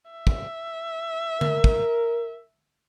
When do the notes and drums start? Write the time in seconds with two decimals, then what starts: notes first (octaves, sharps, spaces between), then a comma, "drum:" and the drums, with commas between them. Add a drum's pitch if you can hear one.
0.11 E5
0.27 drum: kick
1.41 A#4, drum: tom D3
1.64 drum: kick